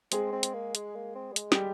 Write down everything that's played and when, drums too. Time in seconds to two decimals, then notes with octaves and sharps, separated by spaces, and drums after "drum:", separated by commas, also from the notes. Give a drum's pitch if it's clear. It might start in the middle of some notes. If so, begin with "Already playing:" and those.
0.12 G#3 C4 G#4, drum: hi-hat
0.32 C4
0.43 drum: hi-hat
0.53 A#3
0.75 G#3, drum: hi-hat
0.95 A#3
1.15 C4
1.32 G3
1.36 G#3, drum: hi-hat
1.52 G3 G4, drum: snare